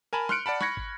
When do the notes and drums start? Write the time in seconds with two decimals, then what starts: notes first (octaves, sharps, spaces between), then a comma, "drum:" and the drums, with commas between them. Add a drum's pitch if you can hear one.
0.13 A#4 G#5 A5 B5
0.29 C6 F6 F#6 C#7 D7, drum: snare
0.46 D5 F#5 A5 B5
0.61 B5 C#6 F#6 G#6 A#6 C#7, drum: snare
0.77 drum: kick